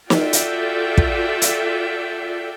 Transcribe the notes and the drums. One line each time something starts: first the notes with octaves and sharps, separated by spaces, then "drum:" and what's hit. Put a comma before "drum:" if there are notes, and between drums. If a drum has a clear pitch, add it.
F4 F#4 A4 D5 E5 G5, drum: snare
drum: hi-hat
drum: kick
drum: hi-hat